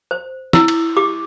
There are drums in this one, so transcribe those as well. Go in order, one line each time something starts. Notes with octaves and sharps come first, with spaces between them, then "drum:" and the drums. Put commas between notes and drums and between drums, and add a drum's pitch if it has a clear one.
C5
E4 E6, drum: snare
drum: cymbal
G4 D6